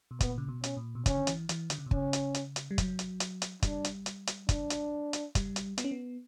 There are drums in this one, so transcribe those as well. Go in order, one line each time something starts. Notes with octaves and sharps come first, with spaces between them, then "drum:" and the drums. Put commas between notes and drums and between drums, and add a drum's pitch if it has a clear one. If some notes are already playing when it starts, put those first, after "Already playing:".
B2
A#2 B3, drum: kick, hi-hat
C#3
B2
C#4, drum: hi-hat
A#2
B2
C#3 C#4, drum: kick, hi-hat
D3
E3, drum: hi-hat
E3, drum: hi-hat
D3, drum: hi-hat
C#3
B2
C#3 C#4, drum: kick
drum: hi-hat
drum: hi-hat
drum: hi-hat
G3
F#3, drum: kick, hi-hat
drum: hi-hat
drum: hi-hat
drum: hi-hat
G3 D4, drum: kick, hi-hat
drum: hi-hat
drum: hi-hat
drum: hi-hat
D4, drum: kick, hi-hat
drum: hi-hat
drum: hi-hat
G3, drum: kick, hi-hat
drum: hi-hat
B3, drum: hi-hat
C#4
B3